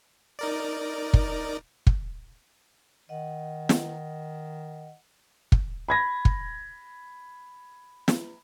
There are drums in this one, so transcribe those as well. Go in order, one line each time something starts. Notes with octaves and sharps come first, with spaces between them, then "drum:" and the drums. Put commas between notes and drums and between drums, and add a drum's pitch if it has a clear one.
D#4 A#4 D5
drum: kick
drum: kick
D#3 D#5 F#5
drum: snare
drum: kick
B5 G#6 A#6
drum: kick
drum: snare